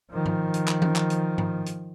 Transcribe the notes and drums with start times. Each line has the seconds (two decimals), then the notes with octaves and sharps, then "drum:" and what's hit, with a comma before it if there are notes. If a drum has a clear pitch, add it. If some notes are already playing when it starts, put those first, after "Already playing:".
0.12 D#3 F3
0.26 drum: tom G#2
0.54 drum: hi-hat
0.68 drum: clap
0.82 drum: tom E3
0.96 drum: clap
1.10 drum: hi-hat
1.38 drum: tom G#2
1.66 drum: hi-hat